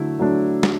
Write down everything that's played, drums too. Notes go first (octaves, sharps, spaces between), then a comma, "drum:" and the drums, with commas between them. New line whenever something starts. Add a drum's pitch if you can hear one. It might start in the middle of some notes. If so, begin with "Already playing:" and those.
Already playing: D3 F#3 A3 D4 E4
F#3 A3 D4
drum: snare